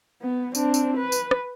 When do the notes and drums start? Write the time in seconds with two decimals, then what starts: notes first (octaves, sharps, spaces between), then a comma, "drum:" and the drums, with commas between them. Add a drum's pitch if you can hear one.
0.22 B3
0.55 C4 D4, drum: tambourine
0.74 drum: tambourine
0.97 B4
1.12 drum: tambourine
1.31 drum: rim click